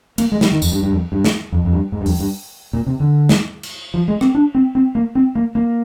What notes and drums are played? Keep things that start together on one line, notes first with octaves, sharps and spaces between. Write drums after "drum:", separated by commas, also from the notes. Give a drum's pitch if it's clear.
A#3, drum: cymbal
G#3
G3, drum: snare
D#3
F2, drum: tambourine
G2
G2
F2
G2
drum: snare
F2
F2
G2
G#2
G2
F2, drum: open hi-hat
G2
A#2
C3
D3
drum: snare
drum: cymbal
F3
G#3
C4, drum: rim click
D4
C4
C4
A#3
C4
A#3
A#3